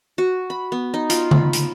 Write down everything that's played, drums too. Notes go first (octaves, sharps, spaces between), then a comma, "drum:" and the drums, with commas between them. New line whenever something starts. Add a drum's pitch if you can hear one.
F#4
B5
B3
D#4
F4, drum: hi-hat
B5, drum: tom C#3
drum: hi-hat